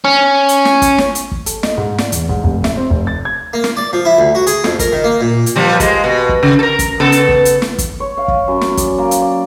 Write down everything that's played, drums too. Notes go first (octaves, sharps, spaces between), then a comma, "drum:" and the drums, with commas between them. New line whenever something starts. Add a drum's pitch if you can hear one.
C#4
drum: hi-hat
drum: snare
drum: kick, hi-hat
drum: snare
drum: hi-hat
drum: kick
A4, drum: hi-hat
D#5, drum: snare
G#2
D5, drum: snare
E2, drum: hi-hat
G#2, drum: kick
F1
E5, drum: snare
C4
F1
A6
G#6
A#3
drum: snare
D5
F3
E4
D2
F#4
G#4, drum: hi-hat
F2, drum: snare
A#4, drum: kick, hi-hat
D#3
A#3
A#2
drum: hi-hat
A#2 F3 G3
G#3 A#3, drum: kick, hi-hat
B2
drum: kick
C#3
A4 A#4
drum: kick, hi-hat
C#3 B3 A4
drum: hi-hat
drum: kick
drum: hi-hat
drum: snare
drum: kick, hi-hat
C#5
F5
drum: kick
F#2
drum: snare
D5, drum: kick, hi-hat
A#3
drum: hi-hat
D5